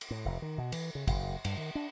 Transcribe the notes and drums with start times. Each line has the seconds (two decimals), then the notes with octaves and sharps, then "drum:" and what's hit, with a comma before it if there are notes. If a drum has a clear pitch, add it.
0.01 drum: cymbal
0.11 A2
0.25 F1
0.42 D#3
0.58 B2
0.72 E3, drum: cymbal
0.95 C#3
1.08 F#1, drum: kick, cymbal
1.45 G2, drum: cymbal
1.57 D#3
1.75 D4